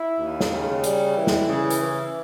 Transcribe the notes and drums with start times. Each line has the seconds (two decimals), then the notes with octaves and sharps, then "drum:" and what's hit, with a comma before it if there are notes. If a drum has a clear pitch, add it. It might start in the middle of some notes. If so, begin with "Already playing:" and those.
Already playing: E4
0.19 D#2
0.41 drum: snare
0.52 C#3
0.84 G3, drum: hi-hat
1.16 E3
1.27 drum: snare
1.48 C#3
1.70 drum: hi-hat
1.81 E3